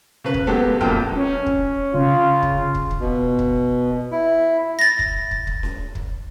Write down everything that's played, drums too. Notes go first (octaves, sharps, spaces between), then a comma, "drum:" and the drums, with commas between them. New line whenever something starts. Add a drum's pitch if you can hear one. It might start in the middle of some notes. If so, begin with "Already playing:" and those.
C#3 B4
drum: kick
F#3 G#3 B3 G4 A4
A#1 F#2 A#2 A4 G5 F6, drum: kick
C#4
drum: kick
C#3 F4
drum: kick
drum: kick
drum: kick
B2
drum: kick
E4
A6 A#6
drum: kick
drum: kick
drum: kick
drum: snare C#4
drum: kick